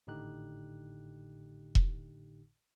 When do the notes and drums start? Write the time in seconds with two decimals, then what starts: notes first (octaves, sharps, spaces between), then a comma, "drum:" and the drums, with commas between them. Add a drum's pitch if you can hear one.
0.07 G#1 A2 D3 D#4 G4 F#6
1.75 drum: kick E1